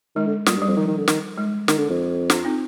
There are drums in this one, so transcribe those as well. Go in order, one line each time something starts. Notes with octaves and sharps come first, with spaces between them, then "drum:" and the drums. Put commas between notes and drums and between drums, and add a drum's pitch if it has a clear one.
D#3 G#3
D3
A#2 G3, drum: snare
G2
G3
F2
D#3 F3
D#3
D3
D#3, drum: snare
G#3
D#3, drum: snare
D3
F2
D4 F4, drum: snare
C4 D#4